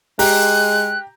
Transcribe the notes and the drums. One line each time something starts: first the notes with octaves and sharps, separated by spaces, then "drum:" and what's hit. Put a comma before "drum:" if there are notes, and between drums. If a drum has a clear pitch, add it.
G#3 G4 A#5 F#6, drum: open hi-hat